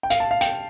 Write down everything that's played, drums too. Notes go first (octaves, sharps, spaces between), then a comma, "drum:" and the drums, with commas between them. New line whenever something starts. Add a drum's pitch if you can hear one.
G5
F5, drum: hi-hat
A5
F5
G5, drum: hi-hat